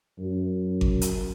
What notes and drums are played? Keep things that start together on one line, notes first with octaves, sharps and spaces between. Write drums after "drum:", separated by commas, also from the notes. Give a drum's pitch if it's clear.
F#2
drum: kick G#1
drum: hi-hat